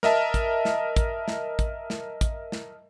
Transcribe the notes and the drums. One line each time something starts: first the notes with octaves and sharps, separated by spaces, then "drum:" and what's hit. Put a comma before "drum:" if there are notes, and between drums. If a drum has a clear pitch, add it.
A#4 D#5 E5 A5, drum: snare
drum: kick, hi-hat
drum: snare
drum: kick, hi-hat
drum: snare
drum: kick, hi-hat
drum: snare
drum: kick, hi-hat
drum: snare